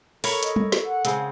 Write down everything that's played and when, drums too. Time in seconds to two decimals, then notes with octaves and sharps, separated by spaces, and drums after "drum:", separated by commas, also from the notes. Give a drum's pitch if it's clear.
0.24 A4 A#4 C#5 B5 C#6, drum: open hi-hat
0.43 D#5, drum: hi-hat
0.56 drum: tom
0.72 drum: snare
0.85 F#5
1.05 C#3 G#3 C4, drum: hi-hat